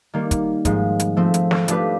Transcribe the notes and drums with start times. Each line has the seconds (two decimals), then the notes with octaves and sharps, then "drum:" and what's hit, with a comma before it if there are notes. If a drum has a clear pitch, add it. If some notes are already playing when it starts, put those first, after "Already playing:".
0.14 D#3 G3 A#3
0.31 drum: kick, hi-hat
0.65 G#2 F3 G#3, drum: kick, hi-hat
1.00 drum: hi-hat
1.17 F3 A3 C4
1.34 drum: hi-hat
1.51 drum: snare
1.68 F3 A3 D4 G4 B4, drum: hi-hat